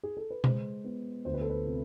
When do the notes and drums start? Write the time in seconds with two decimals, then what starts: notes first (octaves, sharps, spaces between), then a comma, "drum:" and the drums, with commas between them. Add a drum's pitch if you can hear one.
0.03 G#4
0.17 A4
0.30 B4
0.44 G#3 C5, drum: tom B2
0.84 B3
1.25 D2 C5
1.34 B4
1.41 A4
1.50 B4
1.66 C3